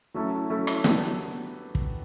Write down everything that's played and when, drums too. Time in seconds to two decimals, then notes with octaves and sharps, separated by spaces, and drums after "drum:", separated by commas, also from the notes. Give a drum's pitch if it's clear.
0.14 F#3 A3 C#4 E4 A4
0.49 F#3 A3 C#4 E4 A4
0.67 drum: rim click
0.84 F#3 B3 D4 G4, drum: snare
1.75 drum: kick